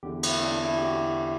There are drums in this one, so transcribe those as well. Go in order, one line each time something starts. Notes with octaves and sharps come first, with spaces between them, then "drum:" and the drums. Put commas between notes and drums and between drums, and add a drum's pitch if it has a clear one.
E2 D3 G4
E4, drum: cymbal
D4
E4
G4
F#4